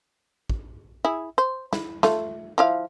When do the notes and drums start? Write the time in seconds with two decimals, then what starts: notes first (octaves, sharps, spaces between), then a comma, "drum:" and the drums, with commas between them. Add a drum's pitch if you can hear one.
0.50 drum: kick
1.05 E4 G#4
1.38 C5
1.73 E4, drum: snare
2.03 A3 F4, drum: snare
2.58 F3 E4 F5